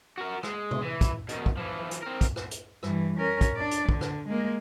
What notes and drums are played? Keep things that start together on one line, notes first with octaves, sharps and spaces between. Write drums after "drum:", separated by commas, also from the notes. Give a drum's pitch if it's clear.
F#4 A#4
G#3, drum: rim click
drum: tom C3
E3
drum: kick, hi-hat
B2 D#3, drum: hi-hat
drum: kick
E3 F3
drum: hi-hat
C4 A#4
drum: kick, hi-hat
drum: rim click
drum: hi-hat
G2 E3, drum: rim click
C#4 A#4
drum: kick, hi-hat
D4 D5
drum: hi-hat
D3, drum: kick
drum: rim click
G#3 A#3